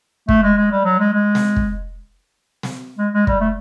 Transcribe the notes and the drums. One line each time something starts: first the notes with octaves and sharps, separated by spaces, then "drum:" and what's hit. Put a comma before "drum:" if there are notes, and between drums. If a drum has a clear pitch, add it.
A3, drum: kick
G#3
G#3
G3
F#3
G#3
G#3
drum: snare
drum: kick
drum: snare
G#3
G#3
G3, drum: kick
A3